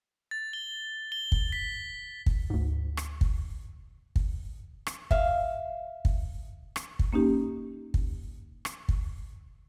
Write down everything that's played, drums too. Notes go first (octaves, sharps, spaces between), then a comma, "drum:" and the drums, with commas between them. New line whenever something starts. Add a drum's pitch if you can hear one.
A6
G7
G7
drum: kick
B6
drum: kick
D2 G#2
drum: rim click
drum: kick
drum: kick
drum: rim click
E5 F5, drum: kick
drum: kick
drum: rim click
drum: kick
A#3 C#4 D#4 G4
drum: kick
drum: rim click
drum: kick